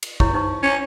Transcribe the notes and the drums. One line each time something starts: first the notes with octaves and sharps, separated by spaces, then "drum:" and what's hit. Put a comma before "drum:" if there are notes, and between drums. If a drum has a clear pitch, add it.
drum: cymbal
E4 C#5 C#6, drum: kick
D#4 C5 C#6
C#4